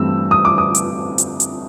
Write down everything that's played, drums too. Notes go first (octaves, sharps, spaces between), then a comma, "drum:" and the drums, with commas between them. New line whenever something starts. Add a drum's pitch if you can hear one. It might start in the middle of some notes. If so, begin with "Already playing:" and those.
Already playing: G2 E3 A3 C4 E6
D#6
D6
D#6
drum: hi-hat
drum: hi-hat
drum: hi-hat